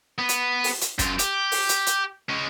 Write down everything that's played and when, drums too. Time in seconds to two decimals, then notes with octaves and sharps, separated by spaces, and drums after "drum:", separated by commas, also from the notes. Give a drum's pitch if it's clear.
0.18 B3
0.29 drum: hi-hat
0.64 drum: open hi-hat
0.81 drum: hi-hat
0.99 F#2 F4, drum: kick, hi-hat
1.19 G4, drum: hi-hat
1.52 drum: open hi-hat
1.69 drum: hi-hat
1.87 drum: hi-hat
2.30 G#3 C#4